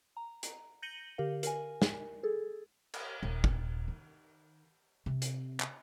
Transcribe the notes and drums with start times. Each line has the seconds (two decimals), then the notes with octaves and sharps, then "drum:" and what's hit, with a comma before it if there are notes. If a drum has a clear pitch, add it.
0.17 A#5
0.43 drum: hi-hat
0.82 G6 A#6 C#7 D#7 F#7 G7
1.18 D3 G4 A#4 F5
1.43 A#4 G#5, drum: hi-hat
1.82 drum: snare
2.23 G#4 A4
2.94 drum: cymbal
3.23 D#1
3.44 drum: kick
3.88 D#3
5.06 C3
5.22 drum: hi-hat
5.60 drum: clap